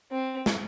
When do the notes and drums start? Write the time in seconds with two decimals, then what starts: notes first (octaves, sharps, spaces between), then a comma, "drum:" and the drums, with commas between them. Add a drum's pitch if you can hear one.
0.12 C4
0.46 drum: snare